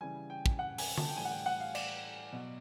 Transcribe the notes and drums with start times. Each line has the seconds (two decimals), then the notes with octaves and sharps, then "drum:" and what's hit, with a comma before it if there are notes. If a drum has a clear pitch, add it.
0.01 C#3 E3 G3 G#5
0.30 G5
0.46 drum: kick
0.59 F#5
0.78 G#5, drum: open hi-hat
0.98 A5, drum: tom D3
1.09 G5
1.17 A2 E3 G3 G#5
1.25 F#5
1.31 G5
1.46 F#5
1.60 F5
1.75 D5, drum: cymbal
2.33 B2 F#3